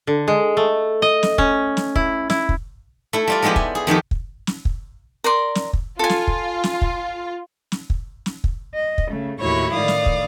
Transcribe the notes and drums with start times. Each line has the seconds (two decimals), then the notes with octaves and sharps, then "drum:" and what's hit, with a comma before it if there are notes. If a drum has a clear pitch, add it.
0.07 D3
0.28 G#3
0.57 A3
1.02 D#5
1.23 drum: snare
1.38 C#4, drum: kick
1.77 drum: snare
1.96 E4, drum: kick
2.30 E4, drum: snare
2.49 drum: kick
3.13 A3 E4
3.28 G3 F4 D5
3.42 F3 G#3 B3 E4 G4
3.56 G#5, drum: kick
3.75 G#4
3.87 F2 D#3 B3 G4
4.11 drum: kick
4.47 drum: snare
4.65 drum: kick
5.24 A#4 D5 C6
5.55 drum: snare
5.73 drum: kick
5.99 F4 A4 G#5
6.09 drum: snare
6.27 drum: kick
6.64 drum: snare
6.82 drum: kick
7.72 drum: snare
7.90 drum: kick
8.26 drum: snare
8.44 drum: kick
8.73 D#5
8.98 drum: kick
9.09 C#3 A3
9.39 D#2 A2 E4 F#4 C#5 C#6
9.73 A2 D#3 D5 F5 D#6
9.88 drum: snare
10.06 drum: kick